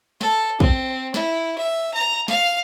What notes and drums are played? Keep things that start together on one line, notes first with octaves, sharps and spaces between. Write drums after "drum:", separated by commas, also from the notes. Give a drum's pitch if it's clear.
A4, drum: snare
C4, drum: kick
E4, drum: snare
E5
A#5
F5, drum: snare